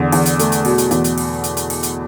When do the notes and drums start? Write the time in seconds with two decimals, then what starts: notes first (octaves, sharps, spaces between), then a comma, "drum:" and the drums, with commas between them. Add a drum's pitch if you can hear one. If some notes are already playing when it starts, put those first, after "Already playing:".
Already playing: E2 D3
0.12 E2, drum: open hi-hat
0.26 drum: hi-hat
0.39 A3, drum: hi-hat
0.52 drum: hi-hat
0.65 B2, drum: open hi-hat
0.78 drum: hi-hat
0.91 E2, drum: hi-hat
1.04 drum: hi-hat
1.17 drum: open hi-hat
1.44 drum: hi-hat
1.57 drum: hi-hat
1.70 drum: open hi-hat
1.83 drum: hi-hat